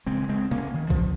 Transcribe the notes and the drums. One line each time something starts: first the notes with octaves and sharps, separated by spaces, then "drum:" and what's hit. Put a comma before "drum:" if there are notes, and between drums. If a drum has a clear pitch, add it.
C#2 C#3 G#3 C4
G#3 C4
A#3 C#4, drum: tom C3
D#3
F3, drum: kick B1